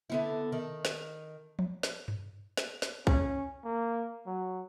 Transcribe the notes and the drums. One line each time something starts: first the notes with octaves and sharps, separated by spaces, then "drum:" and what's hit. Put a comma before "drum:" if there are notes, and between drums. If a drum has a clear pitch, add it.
D3 B3 E4
D#3
drum: snare
drum: tom F3
drum: snare
drum: tom G2
drum: snare
drum: snare
C#4, drum: kick
A#3
F#3